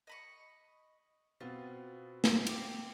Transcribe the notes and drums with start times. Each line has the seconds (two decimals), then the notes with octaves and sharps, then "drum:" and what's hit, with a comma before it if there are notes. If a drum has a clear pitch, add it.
0.07 D#5 B5 C#6
1.41 B2 B3 C4 F4
2.24 drum: snare
2.47 C5 G5 D6, drum: cymbal